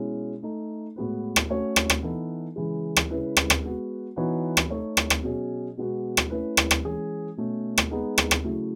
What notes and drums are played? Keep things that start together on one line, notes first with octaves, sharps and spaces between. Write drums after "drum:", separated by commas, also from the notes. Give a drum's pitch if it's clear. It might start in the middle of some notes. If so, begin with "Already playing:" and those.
Already playing: B2 G#3 C#4 E4
A3 D#4 A4
A2 G#3 B3 F#4 B4
drum: rim click
A3 C#4 F#4 A4 C#5
drum: rim click
drum: rim click
E3 B3 D#4 A4
C#3 E3 G#3
drum: rim click
C#3 G#3 C#4 E4 B4
drum: rim click
drum: rim click
G#3 B3 F#4
E3 B3 D#4 F#4 C#5
drum: rim click
A3 D#4 A4 C#5
drum: rim click
drum: rim click
B2 F#3 C#4 G#4
B2 G#3 B3 F#4
drum: rim click
A3 C#4 E4 B4
drum: rim click
drum: rim click
E3 G#3 C#4 G#4
B2 A3 C#4
drum: rim click
G#3 B3 D#4 G#4
drum: rim click
drum: rim click
C#3 F#3 A3 E4